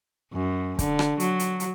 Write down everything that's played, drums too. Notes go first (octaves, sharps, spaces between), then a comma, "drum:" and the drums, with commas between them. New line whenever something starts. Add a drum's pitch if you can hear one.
F#2
D3, drum: kick, hi-hat
drum: rim click
F#3, drum: hi-hat
drum: hi-hat
drum: hi-hat